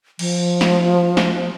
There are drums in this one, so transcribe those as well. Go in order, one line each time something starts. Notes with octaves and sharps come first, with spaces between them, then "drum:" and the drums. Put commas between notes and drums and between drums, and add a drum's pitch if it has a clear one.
F3, drum: cymbal
drum: snare
drum: snare